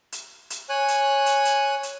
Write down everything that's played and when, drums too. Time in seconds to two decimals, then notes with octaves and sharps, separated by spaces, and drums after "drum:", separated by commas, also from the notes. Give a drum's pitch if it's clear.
0.12 drum: hi-hat
0.50 drum: hi-hat
0.69 C#5 G#5 F#6
0.88 drum: hi-hat
1.26 drum: hi-hat
1.45 drum: hi-hat
1.83 drum: hi-hat